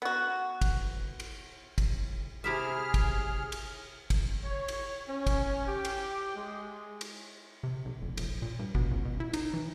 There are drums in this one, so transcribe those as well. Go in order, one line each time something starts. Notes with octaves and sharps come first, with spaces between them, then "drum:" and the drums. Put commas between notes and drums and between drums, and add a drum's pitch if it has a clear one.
B3 F#4
drum: kick, cymbal
drum: cymbal
drum: kick, cymbal
C3 E4 G#4 E5 F6
drum: kick, cymbal
drum: cymbal
drum: kick, cymbal
C#5
drum: cymbal
C#4
drum: kick, cymbal
G4
drum: cymbal
G#3
drum: cymbal
C3
B1
F1
A#1, drum: cymbal
A#2
G2
B2, drum: kick
C#2
B2
E4
D#4, drum: cymbal
E3